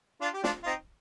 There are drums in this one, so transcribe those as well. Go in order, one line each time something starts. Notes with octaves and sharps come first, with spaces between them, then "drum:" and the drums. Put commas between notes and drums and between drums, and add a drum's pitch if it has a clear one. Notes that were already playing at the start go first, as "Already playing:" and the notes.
D4 F4
G4
D4 F4, drum: snare
F4
C4 D#4